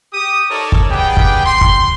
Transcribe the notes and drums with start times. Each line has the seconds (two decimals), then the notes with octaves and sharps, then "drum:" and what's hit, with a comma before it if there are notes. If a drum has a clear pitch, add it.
0.14 G4 D#6
0.50 D#4 A4 A#4 C#5 D5 A5
0.72 drum: kick
0.90 B3 D4 G4 G#4 G5
1.17 drum: kick
1.46 C6
1.61 drum: kick